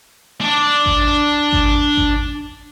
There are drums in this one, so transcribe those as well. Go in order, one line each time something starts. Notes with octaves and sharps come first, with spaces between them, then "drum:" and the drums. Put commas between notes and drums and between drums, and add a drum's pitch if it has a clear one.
D4 D5
drum: kick G#1
drum: kick G#1
drum: kick G#1